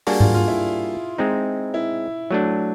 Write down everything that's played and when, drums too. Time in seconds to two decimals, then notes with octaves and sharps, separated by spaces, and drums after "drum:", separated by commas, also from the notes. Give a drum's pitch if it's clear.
0.07 G3 A#3 D4 F#4 G#4, drum: open hi-hat
0.20 F4, drum: tom G#2
0.35 F4
0.48 E4
1.18 G#3 C4 D#4
1.74 E4
2.31 F#3 A3 D4